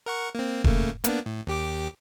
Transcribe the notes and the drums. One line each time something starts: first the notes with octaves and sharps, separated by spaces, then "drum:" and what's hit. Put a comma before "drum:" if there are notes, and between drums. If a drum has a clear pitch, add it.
A#4 F#5 C#6
A#3 C4
C#3 A3 A#3, drum: kick E1
A#3 B3 D4, drum: hi-hat
A2
D#2 G4 D6